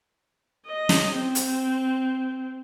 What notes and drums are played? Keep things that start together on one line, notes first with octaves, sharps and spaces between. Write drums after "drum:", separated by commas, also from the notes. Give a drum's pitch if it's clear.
D#5
drum: snare
C4
drum: hi-hat